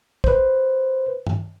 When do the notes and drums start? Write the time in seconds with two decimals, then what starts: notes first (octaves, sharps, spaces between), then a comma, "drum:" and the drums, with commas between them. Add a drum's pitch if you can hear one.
0.24 B4 C5, drum: kick
1.27 drum: tom G2